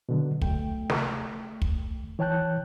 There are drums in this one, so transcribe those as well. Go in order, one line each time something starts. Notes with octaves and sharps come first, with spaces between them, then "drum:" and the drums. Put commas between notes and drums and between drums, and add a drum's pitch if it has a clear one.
B2 D3 F#3
A3 G5, drum: kick
drum: snare
drum: kick
E3 C#5 G5 A5 F#6 G6